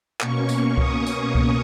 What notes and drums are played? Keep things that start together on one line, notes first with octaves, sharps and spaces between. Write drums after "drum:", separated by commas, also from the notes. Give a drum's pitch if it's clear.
B2 A#3 C#4 C#6, drum: clap
C#6, drum: tambourine
D#6, drum: kick C2
drum: tambourine
drum: kick C2